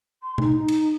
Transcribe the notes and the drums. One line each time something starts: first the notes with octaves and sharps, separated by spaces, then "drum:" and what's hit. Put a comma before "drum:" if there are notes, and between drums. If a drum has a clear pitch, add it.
C6
D#4, drum: tom B2
D#4
drum: cymbal